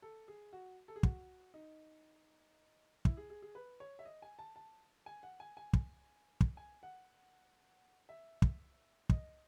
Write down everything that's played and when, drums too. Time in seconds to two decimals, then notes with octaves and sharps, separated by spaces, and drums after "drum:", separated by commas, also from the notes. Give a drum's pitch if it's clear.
0.02 A4
0.28 G#4
0.53 F#4
0.88 A4
0.96 G#4
1.03 F#4, drum: kick
1.54 D#4
3.05 E4, drum: kick
3.17 G#4
3.30 G#4
3.42 G#4
3.55 B4
3.80 C#5
3.99 E5
4.05 D#5
4.22 G#5
4.39 A5
4.56 A5
5.06 G#5
5.23 F#5
5.40 G#5
5.57 G#5
5.73 drum: kick
6.41 drum: kick
6.57 G#5
6.83 F#5
8.09 E5
8.42 drum: kick
9.09 D#5, drum: kick